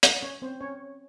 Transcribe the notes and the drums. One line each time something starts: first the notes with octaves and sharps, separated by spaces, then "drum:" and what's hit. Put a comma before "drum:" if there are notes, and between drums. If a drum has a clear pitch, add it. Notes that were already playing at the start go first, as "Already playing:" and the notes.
drum: hi-hat
C#4 C#5
C4 C5
C#4 C#5